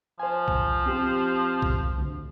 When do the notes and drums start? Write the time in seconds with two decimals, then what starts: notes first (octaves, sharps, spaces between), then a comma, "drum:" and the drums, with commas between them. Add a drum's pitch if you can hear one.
0.20 F3 C5 G#5
0.48 drum: kick B1
0.86 C4 G4
1.62 drum: kick B1
1.98 D2